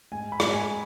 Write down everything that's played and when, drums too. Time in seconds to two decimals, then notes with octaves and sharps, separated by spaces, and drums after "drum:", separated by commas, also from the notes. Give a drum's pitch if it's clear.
0.12 G#2 G#5
0.32 B5
0.40 G#2, drum: rim click
0.53 G#5